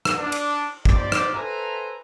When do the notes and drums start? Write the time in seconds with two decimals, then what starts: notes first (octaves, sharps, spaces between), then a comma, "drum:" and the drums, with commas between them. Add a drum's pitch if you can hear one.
0.05 drum: rim click
0.18 D4
0.32 drum: cymbal
0.85 D#4 G4 C5 D5, drum: kick
1.12 drum: rim click
1.34 A4 B4 C5 E5 G#5 A#5